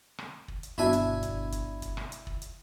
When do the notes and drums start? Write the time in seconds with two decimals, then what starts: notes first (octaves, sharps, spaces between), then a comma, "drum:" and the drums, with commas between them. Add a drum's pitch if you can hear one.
0.18 drum: rim click
0.48 drum: kick
0.63 drum: hi-hat
0.78 G1 B2 D4 E4 E5 G#5
0.93 drum: hi-hat
1.23 drum: kick, hi-hat
1.52 drum: kick, hi-hat
1.82 drum: kick, hi-hat
1.97 drum: rim click
2.12 drum: hi-hat
2.27 drum: kick
2.42 drum: hi-hat